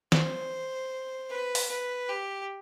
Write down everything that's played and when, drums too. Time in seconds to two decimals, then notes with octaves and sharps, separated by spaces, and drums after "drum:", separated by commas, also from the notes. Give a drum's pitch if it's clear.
0.12 C5, drum: snare
1.29 B4
1.55 drum: open hi-hat
1.69 B4
2.09 G4